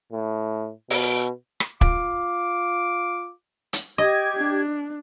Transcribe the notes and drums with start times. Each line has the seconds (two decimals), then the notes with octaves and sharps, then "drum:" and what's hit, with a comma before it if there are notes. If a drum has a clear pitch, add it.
0.13 A2
0.90 B2, drum: open hi-hat
1.60 drum: rim click
1.81 F4 F5 D6, drum: kick
3.73 drum: hi-hat
3.98 G4 D#5 G#6
4.36 D4